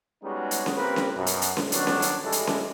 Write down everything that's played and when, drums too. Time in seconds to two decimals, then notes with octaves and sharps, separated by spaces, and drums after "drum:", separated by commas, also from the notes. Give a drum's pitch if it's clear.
0.24 G3 G#3 B3 C#4 D#4 F#4
0.51 drum: hi-hat
0.66 drum: snare C#4
0.76 A#3 C4 G4 A#4 B4
0.96 drum: snare C#4
1.16 F#2 B2
1.26 drum: hi-hat
1.42 drum: hi-hat
1.57 drum: snare C#4
1.72 D#3 F#3 B3 C#4 D4, drum: hi-hat
1.87 drum: snare C#4
2.02 drum: hi-hat
2.23 A1 G3 G#3 E4 A4
2.32 drum: hi-hat
2.47 drum: snare C#4